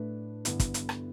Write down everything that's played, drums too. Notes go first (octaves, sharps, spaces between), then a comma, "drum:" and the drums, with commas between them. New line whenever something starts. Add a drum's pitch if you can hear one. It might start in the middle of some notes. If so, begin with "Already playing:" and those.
Already playing: A2 A3 D4 B4
G2 D3 B3 E4, drum: hi-hat
drum: kick, hi-hat
drum: hi-hat
drum: rim click